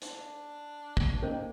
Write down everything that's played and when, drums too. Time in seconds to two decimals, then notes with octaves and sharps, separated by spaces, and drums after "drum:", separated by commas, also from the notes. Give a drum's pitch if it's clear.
0.02 D4, drum: hi-hat
0.97 drum: kick
1.22 D#3 A#3 C#4 A#4 C5